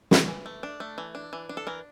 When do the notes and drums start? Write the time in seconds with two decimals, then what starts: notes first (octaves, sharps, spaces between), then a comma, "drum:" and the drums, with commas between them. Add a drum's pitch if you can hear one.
0.11 E3, drum: snare
0.28 E3
0.46 A3
0.63 D4
0.80 A3
0.98 E3
1.15 D4
1.33 E3
1.49 D4
1.57 A4
1.67 E3 A#4